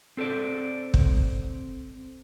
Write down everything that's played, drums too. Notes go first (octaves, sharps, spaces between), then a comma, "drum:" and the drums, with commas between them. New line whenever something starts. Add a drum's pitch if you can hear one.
C4 A4 C5 D5
drum: kick